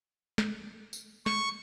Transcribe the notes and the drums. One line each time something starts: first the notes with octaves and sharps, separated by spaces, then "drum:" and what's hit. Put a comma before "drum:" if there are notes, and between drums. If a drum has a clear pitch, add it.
drum: snare
drum: tambourine
C#6, drum: snare